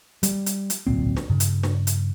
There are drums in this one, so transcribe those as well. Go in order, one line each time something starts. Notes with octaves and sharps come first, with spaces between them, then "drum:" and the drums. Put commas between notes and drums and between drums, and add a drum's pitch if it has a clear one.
G3, drum: hi-hat
drum: hi-hat
drum: hi-hat
D1 B1 A#2 C4
drum: snare
G2 C#3
drum: hi-hat
drum: snare
drum: hi-hat